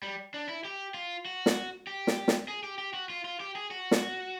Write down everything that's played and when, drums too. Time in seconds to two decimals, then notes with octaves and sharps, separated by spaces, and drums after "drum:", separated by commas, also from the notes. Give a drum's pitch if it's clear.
0.03 G3
0.34 D4
0.49 E4
0.65 G4
0.94 F4
1.25 F#4
1.46 drum: snare
1.87 G4
2.07 drum: snare
2.28 drum: snare
2.48 G#4
2.64 G4
2.78 G4
2.94 F#4
3.10 F4
3.25 F4
3.40 G4
3.55 G#4
3.71 F#4
3.91 drum: snare